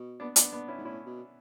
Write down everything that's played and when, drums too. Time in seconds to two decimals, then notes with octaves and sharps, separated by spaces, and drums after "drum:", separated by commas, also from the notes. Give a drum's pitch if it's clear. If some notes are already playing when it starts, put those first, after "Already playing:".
Already playing: B2
0.20 B3 D4
0.36 B3 D4, drum: hi-hat
0.53 B3 D4
0.68 C#4 E4
0.78 G#2
0.85 A2 C#4 E4
1.06 B2